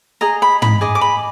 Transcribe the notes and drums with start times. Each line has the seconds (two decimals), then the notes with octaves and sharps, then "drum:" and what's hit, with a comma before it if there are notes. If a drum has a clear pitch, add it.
0.21 G#4 D#5 A#5
0.42 B5
0.62 B5, drum: tom
0.81 G#4 D#5 D6
0.95 D6
1.01 B5